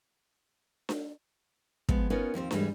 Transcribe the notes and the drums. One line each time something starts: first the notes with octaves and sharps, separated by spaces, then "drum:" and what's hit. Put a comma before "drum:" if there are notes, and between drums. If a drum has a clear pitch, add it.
drum: snare D4
F3 G#3 B3, drum: kick
B3 C#4 D#4 F4 A#4 B4
D#2 F3 C4 C5
E2 G#2 E3 G3 G#3, drum: snare D4